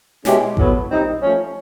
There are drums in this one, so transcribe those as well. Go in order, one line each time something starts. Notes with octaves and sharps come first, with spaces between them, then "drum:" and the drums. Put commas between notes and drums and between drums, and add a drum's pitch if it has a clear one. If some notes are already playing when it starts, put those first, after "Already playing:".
B2 G#3 C#4 E4 G4, drum: snare
A2 F#3 B3, drum: kick A1
A#2 G3 C4 D#4
F3 A3 C#4